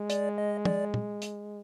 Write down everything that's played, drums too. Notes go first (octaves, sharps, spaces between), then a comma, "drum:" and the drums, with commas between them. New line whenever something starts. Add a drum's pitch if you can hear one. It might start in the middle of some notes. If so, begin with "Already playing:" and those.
Already playing: G#3
D5, drum: hi-hat
D#5
D5, drum: tom
drum: tom
drum: hi-hat